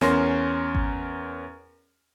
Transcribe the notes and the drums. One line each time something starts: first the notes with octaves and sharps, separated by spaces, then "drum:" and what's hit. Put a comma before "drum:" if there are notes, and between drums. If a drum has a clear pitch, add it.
E2 C#4 A#4 C6 A#6, drum: snare
drum: kick G#1